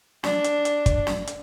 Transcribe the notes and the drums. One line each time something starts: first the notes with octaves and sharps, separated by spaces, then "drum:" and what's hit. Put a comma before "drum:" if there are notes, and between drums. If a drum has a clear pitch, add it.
D4, drum: snare
drum: hi-hat
drum: hi-hat
drum: kick, hi-hat
drum: snare
drum: hi-hat